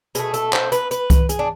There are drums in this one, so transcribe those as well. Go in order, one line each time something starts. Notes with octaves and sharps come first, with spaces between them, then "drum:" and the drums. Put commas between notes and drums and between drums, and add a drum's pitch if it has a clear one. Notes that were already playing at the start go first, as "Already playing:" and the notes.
B2 A3 G#4, drum: hi-hat
A4, drum: hi-hat
C5, drum: clap
B4, drum: hi-hat
B4, drum: hi-hat
drum: kick C2, hi-hat
G#4, drum: hi-hat
D4